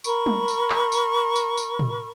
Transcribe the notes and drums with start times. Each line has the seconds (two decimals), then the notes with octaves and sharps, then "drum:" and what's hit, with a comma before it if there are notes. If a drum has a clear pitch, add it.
0.04 A#4 B5 C#6, drum: tambourine
0.26 drum: tom
0.48 drum: tambourine
0.70 drum: clap
0.92 drum: tambourine
1.36 drum: tambourine
1.57 drum: tambourine
1.79 drum: tom